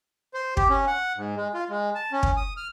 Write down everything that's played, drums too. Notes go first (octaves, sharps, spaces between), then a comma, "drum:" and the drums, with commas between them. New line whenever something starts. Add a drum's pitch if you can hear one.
C5
G4, drum: kick
C#4
F#5
G#2
G#3
F4
G#3
A5
C#4
drum: kick
D#6
F6